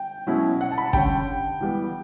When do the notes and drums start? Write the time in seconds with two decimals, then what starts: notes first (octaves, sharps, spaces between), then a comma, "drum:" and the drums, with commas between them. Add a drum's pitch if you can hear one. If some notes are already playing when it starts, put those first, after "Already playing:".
Already playing: G5
0.27 B2 F#3 C#4 E4
0.61 F#5
0.71 A5
0.78 B5
0.86 A5
0.93 D3 G3 C#4 G5, drum: kick
1.61 E3 G3 B3